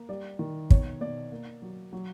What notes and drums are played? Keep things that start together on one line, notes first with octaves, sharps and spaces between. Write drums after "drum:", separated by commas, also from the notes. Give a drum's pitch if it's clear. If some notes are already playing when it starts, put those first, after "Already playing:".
Already playing: A#3
G3 D5
D#3
B2 C#5, drum: kick
B2 D5
A#3
F#3
F#3